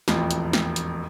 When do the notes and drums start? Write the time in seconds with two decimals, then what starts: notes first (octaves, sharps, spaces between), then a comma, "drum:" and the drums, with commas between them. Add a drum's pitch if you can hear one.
0.08 E1 A1 F2, drum: snare
0.31 drum: hi-hat
0.53 drum: snare
0.76 drum: hi-hat